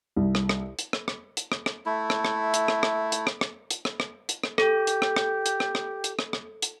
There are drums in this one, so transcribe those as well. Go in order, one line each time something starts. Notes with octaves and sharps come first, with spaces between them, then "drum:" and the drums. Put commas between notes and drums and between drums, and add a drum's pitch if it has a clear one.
C2
drum: rim click
drum: rim click
drum: hi-hat
drum: rim click
drum: rim click
drum: hi-hat
drum: rim click
drum: rim click
A3 E4
drum: rim click
drum: rim click
drum: hi-hat
drum: rim click
drum: rim click
drum: hi-hat
drum: rim click
drum: rim click
drum: hi-hat
drum: rim click
drum: rim click
drum: hi-hat
drum: rim click
G4 A4, drum: rim click
drum: hi-hat
drum: rim click
drum: rim click
drum: hi-hat
drum: rim click
drum: rim click
drum: hi-hat
drum: rim click
drum: rim click
drum: hi-hat